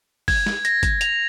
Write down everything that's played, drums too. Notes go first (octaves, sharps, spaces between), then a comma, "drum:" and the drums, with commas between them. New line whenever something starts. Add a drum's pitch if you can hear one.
G#6, drum: kick, open hi-hat
drum: snare
A#6, drum: hi-hat
drum: kick, hi-hat
F7, drum: hi-hat